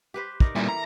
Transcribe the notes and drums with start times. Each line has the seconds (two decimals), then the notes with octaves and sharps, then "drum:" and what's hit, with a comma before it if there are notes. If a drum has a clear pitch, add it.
0.14 G4 B4 C5
0.40 D#4 A#4 D5, drum: kick
0.56 A#2 E3 G3 A4 A#4
0.69 A#5